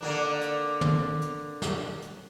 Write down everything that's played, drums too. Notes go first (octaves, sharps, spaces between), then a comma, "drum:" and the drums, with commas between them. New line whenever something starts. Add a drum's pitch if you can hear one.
D3 A#3 D4
drum: hi-hat
drum: tom
drum: hi-hat
drum: snare
drum: hi-hat